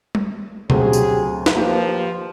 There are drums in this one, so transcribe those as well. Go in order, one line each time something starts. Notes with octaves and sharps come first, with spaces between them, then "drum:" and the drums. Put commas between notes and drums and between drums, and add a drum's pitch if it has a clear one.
drum: tom G3
D2 C#3 F#3 C4 G4 G#4, drum: tom B2
drum: tambourine
drum: snare
D#2 F3 A#3 G4 B4